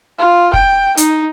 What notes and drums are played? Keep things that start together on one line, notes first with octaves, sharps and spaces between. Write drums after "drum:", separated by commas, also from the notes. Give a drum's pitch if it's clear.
F4
G5, drum: kick
D#4, drum: hi-hat